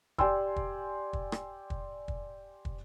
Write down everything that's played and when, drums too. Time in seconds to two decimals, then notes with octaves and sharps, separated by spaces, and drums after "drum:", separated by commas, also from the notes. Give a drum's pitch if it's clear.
0.18 G4 D5 G5 G#5 C6 E6, drum: kick
0.56 drum: kick
1.13 drum: kick
1.32 drum: rim click
1.70 drum: kick
2.08 drum: kick
2.65 drum: kick